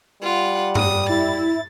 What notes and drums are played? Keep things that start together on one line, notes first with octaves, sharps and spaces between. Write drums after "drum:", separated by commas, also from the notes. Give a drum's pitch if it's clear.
G3 F4 F#5
D#6, drum: tom G2
E4 A6